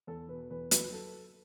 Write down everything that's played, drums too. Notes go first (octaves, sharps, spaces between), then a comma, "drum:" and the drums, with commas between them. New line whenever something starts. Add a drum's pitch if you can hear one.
E2 A4
B2 B4
E2 B4
F#3 B4, drum: hi-hat
A4